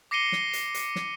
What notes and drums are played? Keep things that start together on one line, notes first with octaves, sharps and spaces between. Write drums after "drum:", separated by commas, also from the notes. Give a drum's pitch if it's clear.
D6 A#6 C7 C#7 D#7 G7
drum: snare
drum: hi-hat
drum: hi-hat
drum: snare